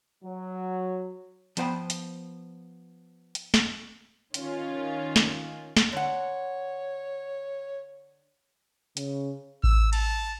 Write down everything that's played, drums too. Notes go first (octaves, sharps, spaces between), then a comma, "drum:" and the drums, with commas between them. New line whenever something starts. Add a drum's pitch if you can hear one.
F#3
F3 B3 C5 F#5 G5 B5, drum: hi-hat
drum: hi-hat
drum: hi-hat
drum: snare
D#3 C#4 F4, drum: hi-hat
drum: snare
drum: snare
D3 C#5 F#5
C#3, drum: hi-hat
E6, drum: kick A1
A5, drum: cymbal